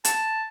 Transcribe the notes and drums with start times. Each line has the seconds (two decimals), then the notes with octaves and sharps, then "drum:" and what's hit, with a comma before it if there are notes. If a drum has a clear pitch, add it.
0.05 A5, drum: hi-hat